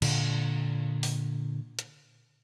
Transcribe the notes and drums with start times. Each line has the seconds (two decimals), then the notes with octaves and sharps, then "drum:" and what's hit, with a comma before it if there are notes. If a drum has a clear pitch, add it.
0.02 A#2 D3, drum: cymbal
1.03 drum: open hi-hat
1.79 drum: hi-hat